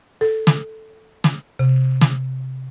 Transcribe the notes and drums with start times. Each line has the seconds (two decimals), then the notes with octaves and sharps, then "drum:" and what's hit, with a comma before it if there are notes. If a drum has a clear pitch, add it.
0.21 A4
0.47 drum: snare
1.24 drum: snare
1.59 C3
2.01 drum: snare